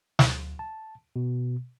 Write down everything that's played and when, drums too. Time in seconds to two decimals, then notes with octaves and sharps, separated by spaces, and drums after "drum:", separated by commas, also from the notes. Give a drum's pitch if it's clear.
0.19 D2, drum: snare
0.59 A5
1.16 B2